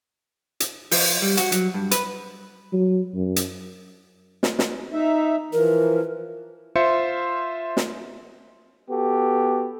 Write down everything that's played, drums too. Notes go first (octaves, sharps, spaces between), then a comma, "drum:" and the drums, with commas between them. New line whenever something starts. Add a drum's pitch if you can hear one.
drum: hi-hat
F3, drum: open hi-hat
G3
F#4, drum: hi-hat
F#3, drum: hi-hat
G2
B4, drum: hi-hat
F#3
F#2
drum: hi-hat
drum: snare
drum: snare
D#4 E5
E3 F3 A#4
F4 C5 E5 C6 C#7
drum: snare
B3 F#4 G4 A4